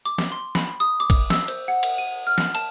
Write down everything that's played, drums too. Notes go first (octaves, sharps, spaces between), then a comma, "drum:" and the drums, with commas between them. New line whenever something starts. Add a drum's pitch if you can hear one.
D6
drum: snare
C6
B5, drum: snare
D#6
D6
drum: kick, cymbal
E6, drum: snare
C5, drum: cymbal
F#5
drum: cymbal
D#7
F6
drum: snare
A5, drum: cymbal